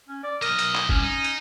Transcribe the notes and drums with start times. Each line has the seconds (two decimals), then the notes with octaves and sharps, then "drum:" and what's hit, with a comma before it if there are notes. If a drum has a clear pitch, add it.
0.08 C#4
0.23 D5
0.42 B1 A#4 D#5, drum: hi-hat
0.59 drum: hi-hat
0.75 drum: clap
0.89 C2 C#4, drum: kick
1.04 D#4
1.24 drum: hi-hat